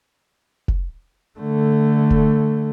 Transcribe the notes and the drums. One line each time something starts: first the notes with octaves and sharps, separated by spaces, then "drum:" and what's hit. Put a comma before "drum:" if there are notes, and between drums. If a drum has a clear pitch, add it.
drum: kick F1
D3 A3
drum: kick F1